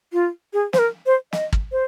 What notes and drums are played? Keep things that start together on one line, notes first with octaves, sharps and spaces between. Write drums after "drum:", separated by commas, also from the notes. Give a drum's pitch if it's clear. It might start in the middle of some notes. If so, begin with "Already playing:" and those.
F4
G#4
C5, drum: snare
A#4
C5
D#5, drum: snare
drum: kick
C5